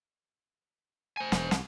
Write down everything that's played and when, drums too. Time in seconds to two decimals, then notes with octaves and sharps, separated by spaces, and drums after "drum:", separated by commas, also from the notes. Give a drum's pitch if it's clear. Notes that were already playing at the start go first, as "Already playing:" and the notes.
1.17 C5 G#5
1.32 E1, drum: snare
1.51 C2, drum: snare